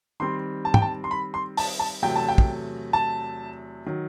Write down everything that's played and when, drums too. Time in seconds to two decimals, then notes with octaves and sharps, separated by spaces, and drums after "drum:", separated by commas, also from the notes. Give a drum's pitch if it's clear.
0.20 D#3 G3 C4 C6
0.65 A5
0.74 G5, drum: tom
0.82 A5
1.04 C6
1.11 B5
1.34 C6
1.57 A5, drum: open hi-hat
1.79 A5
2.02 E2 C3 F#3 A3 G5
2.16 A5
2.28 G5
2.38 drum: kick
2.93 A5
3.86 D#3 F#3